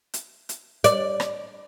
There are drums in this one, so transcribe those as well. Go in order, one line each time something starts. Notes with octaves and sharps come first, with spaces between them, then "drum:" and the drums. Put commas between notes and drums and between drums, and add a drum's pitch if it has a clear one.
drum: hi-hat
drum: hi-hat
D5, drum: hi-hat
drum: rim click